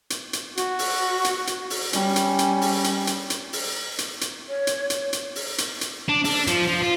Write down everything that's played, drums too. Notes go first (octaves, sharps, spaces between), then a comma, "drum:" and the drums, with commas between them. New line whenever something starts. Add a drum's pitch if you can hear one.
drum: hi-hat
drum: hi-hat
F#4, drum: hi-hat
drum: open hi-hat
drum: hi-hat
drum: hi-hat
drum: open hi-hat
G3 C#4, drum: hi-hat
drum: hi-hat
drum: hi-hat
drum: open hi-hat
drum: hi-hat
drum: hi-hat
drum: hi-hat
drum: open hi-hat
drum: hi-hat
drum: hi-hat
C#5
drum: hi-hat
drum: hi-hat
drum: hi-hat
drum: open hi-hat
drum: hi-hat
drum: hi-hat
D4
D4, drum: open hi-hat
F3, drum: hi-hat
F3
F4